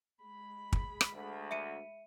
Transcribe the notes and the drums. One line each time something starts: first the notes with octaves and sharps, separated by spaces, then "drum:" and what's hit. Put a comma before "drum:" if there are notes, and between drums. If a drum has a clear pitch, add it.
G#3 B5
drum: kick
drum: rim click
D2
E5 C#7 D#7